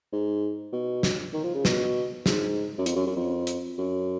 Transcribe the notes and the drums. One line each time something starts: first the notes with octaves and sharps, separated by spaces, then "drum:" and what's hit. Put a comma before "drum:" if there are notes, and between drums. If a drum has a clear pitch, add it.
G#2
B2
drum: snare
D#3
F3
C#3
B2, drum: snare
G#2, drum: snare
F#2
F2, drum: hi-hat
F#2
F#2
F2
drum: hi-hat
F#2